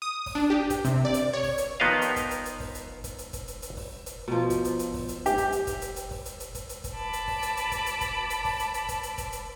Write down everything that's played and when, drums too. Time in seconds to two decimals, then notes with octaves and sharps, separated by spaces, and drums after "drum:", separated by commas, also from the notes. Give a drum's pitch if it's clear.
0.02 D#6
0.26 drum: kick, open hi-hat
0.35 D4
0.50 G4
0.70 drum: kick, hi-hat
0.85 C3, drum: hi-hat
1.05 D5
1.14 drum: hi-hat
1.33 C#5
1.43 drum: kick, open hi-hat
1.58 drum: hi-hat
1.80 D#3 F3 B3 G4 D#5 F5
2.02 drum: hi-hat
2.16 drum: kick, hi-hat
2.31 drum: hi-hat
2.45 drum: hi-hat
2.60 drum: kick, open hi-hat
2.75 drum: hi-hat
3.04 drum: kick, hi-hat
3.18 drum: hi-hat
3.33 drum: kick, hi-hat
3.48 drum: hi-hat
3.62 drum: hi-hat
3.77 drum: kick, open hi-hat
4.06 drum: hi-hat
4.28 B2 F3
4.50 drum: kick, hi-hat
4.65 drum: hi-hat
4.79 drum: hi-hat
4.94 drum: kick, open hi-hat
5.09 drum: hi-hat
5.26 G4, drum: hi-hat
5.38 drum: kick, hi-hat
5.52 drum: hi-hat
5.67 drum: kick, hi-hat
5.82 drum: hi-hat
5.96 drum: hi-hat
6.11 drum: kick, open hi-hat
6.25 drum: hi-hat
6.40 drum: hi-hat
6.55 drum: kick, hi-hat
6.69 drum: hi-hat
6.84 drum: kick, hi-hat
6.94 A5 B5 D6
7.13 drum: hi-hat
7.28 drum: kick, open hi-hat
7.42 drum: hi-hat
7.57 drum: hi-hat
7.72 drum: kick, hi-hat
7.86 drum: hi-hat
8.01 drum: kick, hi-hat
8.30 drum: hi-hat
8.45 drum: kick, open hi-hat
8.59 drum: hi-hat
8.74 drum: hi-hat
8.89 drum: kick, hi-hat
9.03 drum: hi-hat
9.18 drum: kick, hi-hat
9.32 drum: hi-hat